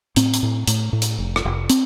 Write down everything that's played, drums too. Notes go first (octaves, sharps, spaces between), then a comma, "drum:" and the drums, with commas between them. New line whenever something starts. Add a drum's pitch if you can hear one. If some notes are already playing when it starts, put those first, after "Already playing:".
A2 C4, drum: hi-hat
drum: hi-hat
A2
A2, drum: hi-hat
A2
drum: hi-hat
F1
drum: rim click
F1
C4, drum: hi-hat